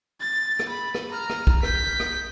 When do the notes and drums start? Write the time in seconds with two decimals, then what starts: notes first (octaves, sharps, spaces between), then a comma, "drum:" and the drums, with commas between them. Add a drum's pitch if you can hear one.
0.21 A6
0.59 drum: rim click
0.69 B5
0.94 drum: rim click
1.12 A#5 F6
1.29 drum: rim click
1.47 drum: kick
1.63 G6 B6, drum: rim click
2.00 drum: rim click